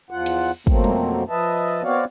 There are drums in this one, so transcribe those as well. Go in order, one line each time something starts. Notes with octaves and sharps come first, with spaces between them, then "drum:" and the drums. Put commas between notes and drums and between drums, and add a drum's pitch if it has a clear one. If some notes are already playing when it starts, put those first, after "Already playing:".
E2 F3 F4 F#5
drum: cymbal
F2 B2 F#3 A3 A#3 C4, drum: kick
drum: tom G3
F3 B4 D#5 E5 A5
B3 C4 F#4 C#5 D5 F5